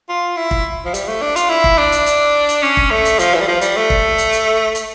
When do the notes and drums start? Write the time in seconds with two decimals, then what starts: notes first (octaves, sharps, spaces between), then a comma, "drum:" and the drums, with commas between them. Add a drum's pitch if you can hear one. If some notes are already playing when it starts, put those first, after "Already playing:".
0.09 F4
0.37 E4
0.51 drum: kick
0.85 F3
0.94 G3, drum: hi-hat
1.08 A3
1.22 D4
1.36 F4, drum: hi-hat
1.49 E4
1.64 drum: kick
1.78 D4
1.92 drum: hi-hat
2.06 drum: hi-hat
2.49 drum: hi-hat
2.63 C#4
2.77 drum: kick
2.91 A3
3.05 drum: hi-hat
3.19 F3, drum: hi-hat
3.34 E3
3.41 G3
3.48 F3
3.61 G3, drum: hi-hat
3.77 A3
3.90 drum: kick
4.18 drum: hi-hat
4.32 drum: hi-hat
4.75 drum: hi-hat